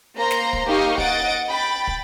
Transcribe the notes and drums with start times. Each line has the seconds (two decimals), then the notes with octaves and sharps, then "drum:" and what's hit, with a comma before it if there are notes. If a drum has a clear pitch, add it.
0.18 A#3 C5 A#5 C6
0.31 drum: snare
0.53 drum: kick
0.67 A#3 D#4 G4 D#5 F5 C#6
0.98 D#5 F#5 A6 D7, drum: kick
1.48 G5 B5 A6
1.87 drum: kick